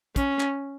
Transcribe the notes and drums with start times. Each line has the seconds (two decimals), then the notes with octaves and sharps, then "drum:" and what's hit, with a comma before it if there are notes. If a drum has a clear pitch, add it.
0.16 C#4, drum: kick, hi-hat
0.40 drum: clap